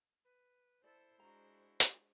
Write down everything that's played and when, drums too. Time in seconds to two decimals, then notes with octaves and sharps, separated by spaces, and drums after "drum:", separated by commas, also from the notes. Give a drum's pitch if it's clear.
0.25 B4
0.84 E4 A4 C5 D5
1.20 G#3 D4 F#4 A#5
1.80 drum: hi-hat